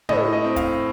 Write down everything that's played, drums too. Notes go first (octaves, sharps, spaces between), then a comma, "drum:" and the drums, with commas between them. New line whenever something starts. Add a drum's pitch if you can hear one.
A2 D#5, drum: tom
D#5
C4
F5, drum: kick, hi-hat